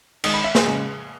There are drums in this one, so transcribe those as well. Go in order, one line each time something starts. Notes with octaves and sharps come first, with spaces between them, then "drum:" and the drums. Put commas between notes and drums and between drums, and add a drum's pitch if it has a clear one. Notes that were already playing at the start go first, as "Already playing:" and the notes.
D#3 G#3 D#6, drum: cymbal
B5
E5
G#4, drum: snare
C#3 G#3